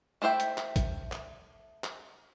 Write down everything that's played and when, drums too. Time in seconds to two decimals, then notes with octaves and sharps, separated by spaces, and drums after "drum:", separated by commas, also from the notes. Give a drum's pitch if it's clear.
0.22 A3 E4 C5 E5 G5
0.40 drum: hi-hat
0.58 drum: clap
0.76 drum: kick, hi-hat
1.12 drum: clap
1.84 drum: clap